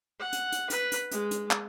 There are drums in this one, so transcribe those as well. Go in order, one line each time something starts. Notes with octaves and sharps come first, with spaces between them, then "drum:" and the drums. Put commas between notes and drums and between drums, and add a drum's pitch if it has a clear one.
F#5
drum: hi-hat
drum: hi-hat
B4, drum: hi-hat
drum: hi-hat
G#3, drum: hi-hat
drum: hi-hat
drum: clap